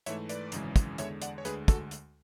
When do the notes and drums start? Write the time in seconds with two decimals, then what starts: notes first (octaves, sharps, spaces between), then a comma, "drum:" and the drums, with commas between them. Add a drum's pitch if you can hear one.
0.06 G#2 E3 A3 C#5 E5, drum: hi-hat
0.29 B4 D5, drum: hi-hat
0.52 G#1 F#2 C#3 E3 G#3, drum: hi-hat
0.76 drum: kick, hi-hat
0.98 E2 D3 G#3 C#5 E5, drum: hi-hat
1.22 D5 F#5, drum: hi-hat
1.38 C#5
1.45 D2 D3 G#3 G#4 B4, drum: hi-hat
1.68 F#4 A4, drum: kick, hi-hat
1.91 drum: hi-hat